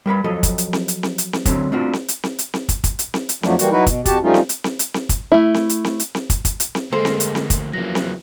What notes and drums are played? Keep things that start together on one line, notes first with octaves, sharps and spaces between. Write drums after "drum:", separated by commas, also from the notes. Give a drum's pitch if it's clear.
G3 A#4 B4 B5
F3 F#3 A4 D#5
drum: kick, hi-hat
drum: hi-hat
drum: snare C4
drum: hi-hat
drum: snare C4
drum: hi-hat
drum: snare C4
D3 F#3 A3 C4 C#4, drum: kick, hi-hat
A3 C4 D4 F4 F#4
drum: snare C4
drum: hi-hat
drum: snare C4
drum: hi-hat
drum: snare C4
drum: kick, hi-hat
drum: kick, hi-hat
drum: hi-hat
drum: snare C4
drum: hi-hat
F2 F3 F#3 A3 D4, drum: snare C4
E3 G3 A#3 F#4, drum: hi-hat
F#3 D#4 E4 F#4 B4
B2, drum: kick, hi-hat
F2 F#4 G4 A5, drum: kick, hi-hat
F3 G3 A3 C#4 D#4 F4
drum: snare C4
drum: hi-hat
drum: snare C4
drum: hi-hat
drum: snare C4
drum: kick, hi-hat
A3 E4
drum: snare C4
drum: hi-hat
drum: snare C4
drum: hi-hat
drum: snare C4
drum: kick, hi-hat
drum: kick, hi-hat
drum: hi-hat
drum: snare C4
D2 G#3 A#3 A4 C5
drum: snare C4
drum: hi-hat
drum: snare C4
drum: kick, hi-hat
E2 C#3 F3 F#3 A#3 A#6
drum: snare C4